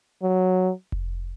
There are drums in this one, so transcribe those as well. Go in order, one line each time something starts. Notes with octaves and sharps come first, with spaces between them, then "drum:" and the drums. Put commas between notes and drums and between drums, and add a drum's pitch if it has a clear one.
F#3
drum: kick F1